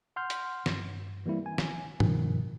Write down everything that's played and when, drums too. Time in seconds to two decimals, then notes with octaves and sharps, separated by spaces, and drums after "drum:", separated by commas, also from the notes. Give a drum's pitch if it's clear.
0.16 F#5 C6 F6 G6
0.30 drum: hi-hat
0.66 G2, drum: snare
1.26 E3 G3 A#3 C4 E4
1.46 G#5
1.58 drum: snare
2.00 G2 B2 D#3 F3, drum: tom